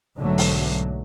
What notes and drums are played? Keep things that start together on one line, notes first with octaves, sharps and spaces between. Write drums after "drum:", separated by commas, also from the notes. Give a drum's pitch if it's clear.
B1 G#2 D3 F#3 A3
drum: open hi-hat